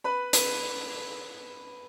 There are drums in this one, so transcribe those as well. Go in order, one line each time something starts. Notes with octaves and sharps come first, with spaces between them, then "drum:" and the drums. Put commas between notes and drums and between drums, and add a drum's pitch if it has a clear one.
B4 B5
B4 B5, drum: hi-hat